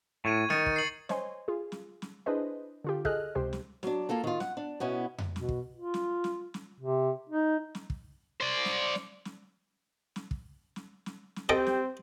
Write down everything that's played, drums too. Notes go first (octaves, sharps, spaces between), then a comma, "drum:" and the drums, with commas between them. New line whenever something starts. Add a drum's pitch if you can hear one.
A2 C#6 G#6 D#7
D#3 A6 C#7 D#7, drum: snare
drum: kick
C7 F#7
C5 C#5 D#5 G#5 C6, drum: snare
F4 G#4
drum: snare
drum: snare
D4 E4 G#4 B4 C5 D#5
D3 F4 G4
G#4 A4 D#5 F6 F#6, drum: kick
C#2 C3 G4 C5
drum: snare
F#3 D4, drum: snare
A#3 F4 A4 A#5
D#3 F4
F#5, drum: snare
D4
B2 B3 C#4 E4
drum: tom F2
B2, drum: snare
drum: kick
F4
drum: snare
drum: snare
drum: snare
C3
D#4
drum: snare
drum: kick
C5 D5
drum: snare
drum: snare
drum: snare
drum: snare
drum: kick
drum: snare
drum: snare
drum: snare
C4 G4 A4 D#5 G5
drum: snare